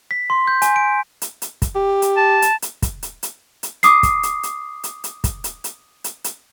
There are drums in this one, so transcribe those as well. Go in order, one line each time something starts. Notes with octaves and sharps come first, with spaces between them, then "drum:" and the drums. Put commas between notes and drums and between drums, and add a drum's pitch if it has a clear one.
B6
C6
G6
G#5, drum: hi-hat
D7
drum: hi-hat
drum: hi-hat
drum: kick, hi-hat
G4
drum: hi-hat
A5
drum: hi-hat
drum: hi-hat
drum: kick, hi-hat
drum: hi-hat
drum: hi-hat
drum: hi-hat
D6 D#6 C7, drum: hi-hat
drum: kick, hi-hat
drum: hi-hat
drum: hi-hat
drum: hi-hat
drum: hi-hat
drum: kick, hi-hat
drum: hi-hat
drum: hi-hat
drum: hi-hat
drum: hi-hat